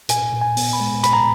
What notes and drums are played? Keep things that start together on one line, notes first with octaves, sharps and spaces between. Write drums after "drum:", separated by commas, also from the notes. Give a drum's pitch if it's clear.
A#2 G#5, drum: hi-hat
A#2
G#5
B3, drum: open hi-hat
B5
G#3
A#2 B5, drum: hi-hat
A#5